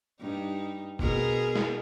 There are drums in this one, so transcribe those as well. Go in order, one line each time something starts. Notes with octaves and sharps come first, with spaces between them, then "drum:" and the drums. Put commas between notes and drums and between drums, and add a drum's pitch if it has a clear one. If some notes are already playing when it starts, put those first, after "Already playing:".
G2 D#4
B2 G#4 A#4, drum: kick G1
drum: snare